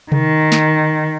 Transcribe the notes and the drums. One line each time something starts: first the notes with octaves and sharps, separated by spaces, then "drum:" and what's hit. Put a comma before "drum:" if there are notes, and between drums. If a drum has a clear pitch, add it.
D#3, drum: tom C3
drum: snare